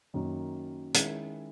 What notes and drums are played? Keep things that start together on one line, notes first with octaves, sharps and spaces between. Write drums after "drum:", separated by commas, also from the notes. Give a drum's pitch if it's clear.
F#2 D#3 F#3 A#3
D#3 G#3 C#4 E4, drum: hi-hat